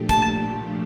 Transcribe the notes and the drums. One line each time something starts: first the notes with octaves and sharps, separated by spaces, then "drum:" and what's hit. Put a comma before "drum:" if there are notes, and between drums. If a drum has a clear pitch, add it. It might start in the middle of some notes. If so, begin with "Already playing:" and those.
Already playing: A#2 F3 A3 D4 G4
A5, drum: kick, hi-hat